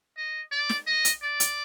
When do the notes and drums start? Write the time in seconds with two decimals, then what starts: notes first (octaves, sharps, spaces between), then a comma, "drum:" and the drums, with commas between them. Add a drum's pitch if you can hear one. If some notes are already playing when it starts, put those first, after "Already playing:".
0.17 D#5
0.52 D5
0.70 drum: snare
0.87 D#5
1.05 drum: hi-hat
1.23 D5
1.40 drum: hi-hat